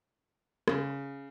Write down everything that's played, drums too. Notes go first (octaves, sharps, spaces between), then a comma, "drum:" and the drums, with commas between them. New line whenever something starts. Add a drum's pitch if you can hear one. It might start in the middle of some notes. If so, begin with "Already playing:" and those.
C#3, drum: rim click